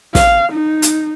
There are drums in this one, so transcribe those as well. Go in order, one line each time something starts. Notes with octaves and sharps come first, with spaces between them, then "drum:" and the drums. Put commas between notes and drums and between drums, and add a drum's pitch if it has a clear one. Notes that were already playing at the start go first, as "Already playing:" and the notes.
F5, drum: snare
D#4
drum: hi-hat